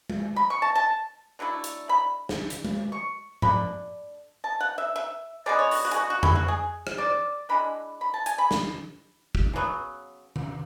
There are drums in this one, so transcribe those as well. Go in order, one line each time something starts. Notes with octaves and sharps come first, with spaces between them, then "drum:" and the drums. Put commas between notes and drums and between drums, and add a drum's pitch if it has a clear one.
drum: tom G#3
B5
C#6
A5
A5
D3 F#3 A3 E4
drum: hi-hat
B5
drum: snare
drum: hi-hat
drum: tom G#3
C#6
D3 A3 D4 B5, drum: tom G#2
A5
F#5
E5
E5
D3 G#3 B3 D5
C#5
F#4, drum: open hi-hat
F#4
G#4, drum: hi-hat
F#4
F#4
E4, drum: tom F2
F#4
G#4
drum: rim click
D5
E3 G#3 D4 B5
B5
A5
G#5, drum: hi-hat
B5
drum: snare
drum: kick
C#3 F#3 B3
drum: tom D3